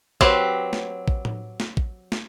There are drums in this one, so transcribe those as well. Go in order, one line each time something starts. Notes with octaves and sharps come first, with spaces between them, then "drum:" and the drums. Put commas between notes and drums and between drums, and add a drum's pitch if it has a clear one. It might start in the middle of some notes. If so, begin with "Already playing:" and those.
F#3 C4 G4 B4, drum: kick A1
drum: snare
drum: kick A1
drum: tom A2
drum: snare
drum: kick A1
drum: snare